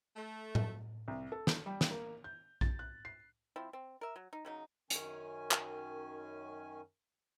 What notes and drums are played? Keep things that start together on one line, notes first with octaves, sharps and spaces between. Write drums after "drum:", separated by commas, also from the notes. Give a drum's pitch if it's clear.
A3
drum: tom A2
C2
A4
drum: snare
G3
drum: snare
A#3
G6
A6, drum: kick A#1
F#6
C7
F3 C4 E4
C4
A#4 E5
F#3
D#4
C#3 F#3 D#4
F#2 D#3 C#4 G#5, drum: hi-hat
drum: clap